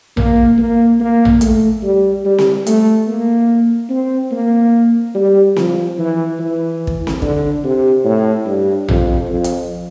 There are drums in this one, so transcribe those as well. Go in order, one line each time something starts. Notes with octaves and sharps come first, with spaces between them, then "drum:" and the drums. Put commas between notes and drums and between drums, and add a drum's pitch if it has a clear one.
A#3, drum: tom A#1
A#3
A#3
drum: tom A#1
A3, drum: hi-hat
G3
G3
drum: snare C4
A3, drum: hi-hat
A#3
C4
A#3
G3
F3, drum: snare C4
E3
E3
drum: kick
drum: snare C4
D3, drum: kick
C3
A2
G2
F2, drum: tom A#1
F2
drum: hi-hat